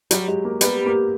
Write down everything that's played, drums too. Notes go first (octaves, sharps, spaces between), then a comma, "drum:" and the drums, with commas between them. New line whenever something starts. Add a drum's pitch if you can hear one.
F#3 G3, drum: hi-hat
G#3
A#3
G3 B3, drum: hi-hat
A#3